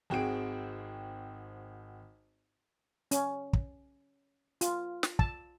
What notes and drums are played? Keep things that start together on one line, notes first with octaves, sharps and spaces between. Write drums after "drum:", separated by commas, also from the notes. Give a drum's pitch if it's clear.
G#1 C4 F#4 G#4 D7
C#4, drum: hi-hat
drum: kick
F4, drum: hi-hat
drum: snare
A5, drum: kick